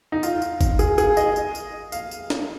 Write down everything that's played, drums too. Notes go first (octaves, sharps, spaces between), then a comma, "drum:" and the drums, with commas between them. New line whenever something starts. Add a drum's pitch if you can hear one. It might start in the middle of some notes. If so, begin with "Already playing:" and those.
D#4
F4, drum: tambourine
drum: tambourine
drum: kick G1, tambourine
G#4, drum: tambourine
G#4, drum: tambourine
D#5, drum: tambourine
drum: tambourine
drum: tambourine
F5, drum: tambourine
drum: tambourine
drum: snare